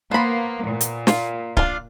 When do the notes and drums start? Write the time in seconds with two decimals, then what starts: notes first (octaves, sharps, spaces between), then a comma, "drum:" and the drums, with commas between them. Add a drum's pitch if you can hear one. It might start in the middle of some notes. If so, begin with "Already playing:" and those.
0.11 A#3 B3 C5 B5 C6
0.64 A#2
0.81 drum: hi-hat
1.07 F4, drum: snare
1.57 D4 F4 F5, drum: kick D1